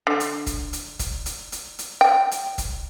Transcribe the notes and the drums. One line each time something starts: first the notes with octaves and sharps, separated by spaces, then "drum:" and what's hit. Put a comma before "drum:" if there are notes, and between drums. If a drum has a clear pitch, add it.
D3
drum: hi-hat
drum: kick, hi-hat
drum: hi-hat
drum: kick, hi-hat
drum: hi-hat
drum: hi-hat
drum: hi-hat
G5
drum: hi-hat
drum: kick, hi-hat